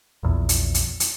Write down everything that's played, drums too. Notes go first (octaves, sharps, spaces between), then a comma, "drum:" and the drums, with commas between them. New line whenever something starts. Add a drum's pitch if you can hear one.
A#1 E2
drum: hi-hat
drum: hi-hat
drum: hi-hat